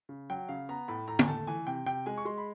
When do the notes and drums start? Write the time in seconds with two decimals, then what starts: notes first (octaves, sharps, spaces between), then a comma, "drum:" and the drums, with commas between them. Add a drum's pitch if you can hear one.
0.09 C#3
0.30 F#3 G5
0.49 C#3 F5
0.69 B3 A#5
0.88 A2 B5
1.08 A2 A#5
1.19 G#5, drum: tom
1.28 A3 A5
1.47 E3 G#5
1.67 C3 G5
1.86 C3 G5
2.06 G#3 G#5
2.18 C#6
2.25 G#3 C6
2.38 B5